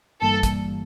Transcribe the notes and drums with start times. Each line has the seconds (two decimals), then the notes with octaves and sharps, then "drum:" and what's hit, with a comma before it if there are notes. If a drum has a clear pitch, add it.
0.21 G1 G2 E3 G3 A#3 A4
0.43 drum: kick, hi-hat